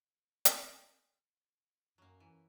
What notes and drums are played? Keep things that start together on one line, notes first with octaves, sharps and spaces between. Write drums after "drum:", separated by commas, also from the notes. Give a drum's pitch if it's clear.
drum: hi-hat
F#2 F#3 A#3
E3